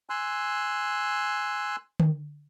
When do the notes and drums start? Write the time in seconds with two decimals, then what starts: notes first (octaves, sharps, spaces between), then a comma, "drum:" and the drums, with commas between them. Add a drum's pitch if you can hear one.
0.10 G#5 C6 E6 F#6
2.00 drum: tom D3